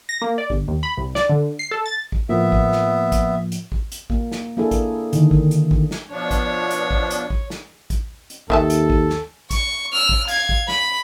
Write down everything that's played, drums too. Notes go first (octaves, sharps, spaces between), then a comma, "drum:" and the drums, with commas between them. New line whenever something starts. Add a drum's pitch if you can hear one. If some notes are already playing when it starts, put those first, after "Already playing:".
A#6
A#3
D5
G1, drum: kick
D#2
B5
C2
D5, drum: snare
D3
C7
A4
A6
drum: kick
A2 F3 A#3 B3 E5
drum: kick
drum: snare
drum: kick, hi-hat
drum: hi-hat
drum: kick
drum: hi-hat
A#3, drum: kick
drum: snare
A#3 D4 E4 G#4 A4
drum: kick, hi-hat
D3 D#3, drum: hi-hat
drum: kick
drum: hi-hat
drum: kick
drum: snare
B2 F3 D4 C#5
drum: kick, hi-hat
drum: hi-hat
drum: kick
drum: hi-hat
drum: kick
drum: snare
drum: kick, hi-hat
drum: hi-hat
D#2 D#3 A4 E5 A5, drum: kick
drum: hi-hat
drum: kick
drum: snare
C#6, drum: kick, hi-hat
E6 F6
drum: kick
F5 G#6, drum: hi-hat
drum: kick
B5, drum: snare